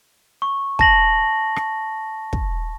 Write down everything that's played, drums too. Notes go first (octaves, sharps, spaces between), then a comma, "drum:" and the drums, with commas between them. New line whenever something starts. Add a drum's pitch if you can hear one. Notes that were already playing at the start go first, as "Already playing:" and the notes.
C#6
A5 A#6 F#7, drum: kick
drum: rim click
drum: kick